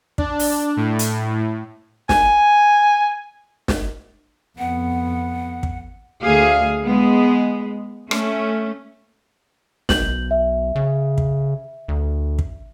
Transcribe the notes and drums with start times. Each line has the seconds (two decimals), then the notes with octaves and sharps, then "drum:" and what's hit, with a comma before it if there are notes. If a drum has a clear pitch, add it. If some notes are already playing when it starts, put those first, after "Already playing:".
0.18 D4, drum: kick
0.39 drum: open hi-hat
0.77 A2
0.99 drum: hi-hat
2.09 G#5, drum: snare
3.68 drum: snare
4.59 F2 B3 F#5
5.63 drum: kick
6.23 D2 G#4 F5
6.85 G#3 B3
8.11 A3 C#4, drum: rim click
9.89 B1 G6 F#7, drum: snare
10.31 E5
10.76 C#3
11.18 drum: kick
11.88 D2
12.39 drum: kick